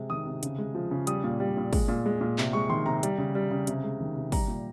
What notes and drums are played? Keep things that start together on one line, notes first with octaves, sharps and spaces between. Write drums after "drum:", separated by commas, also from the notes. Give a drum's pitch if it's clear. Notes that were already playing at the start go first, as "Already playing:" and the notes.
Already playing: C3 G#3
D#3 D#6
C3
C#3, drum: hi-hat
G#3
F3
C#3
G3 D#6, drum: hi-hat
A#2
G3
A#2
G#3, drum: kick, open hi-hat
A#2
G#3
A#2
C3, drum: clap
G#3 C#6
D#3 C6
C3 A#5
G3, drum: hi-hat
C#3
G3
C#3
C3, drum: hi-hat
G#3
D#3
C3
G3 A#5, drum: kick, open hi-hat
A#2